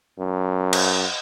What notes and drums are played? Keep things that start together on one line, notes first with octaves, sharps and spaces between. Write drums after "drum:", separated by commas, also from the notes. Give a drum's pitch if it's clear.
F#2
drum: cymbal